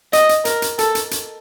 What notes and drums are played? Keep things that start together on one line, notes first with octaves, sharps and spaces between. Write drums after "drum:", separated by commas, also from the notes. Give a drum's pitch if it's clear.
D#5, drum: hi-hat
drum: hi-hat
A#4, drum: hi-hat
drum: hi-hat
A4, drum: hi-hat
drum: hi-hat
drum: hi-hat